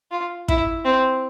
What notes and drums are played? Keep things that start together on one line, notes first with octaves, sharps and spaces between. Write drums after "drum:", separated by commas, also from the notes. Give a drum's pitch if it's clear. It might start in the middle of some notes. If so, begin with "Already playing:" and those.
F4
E4, drum: kick
C4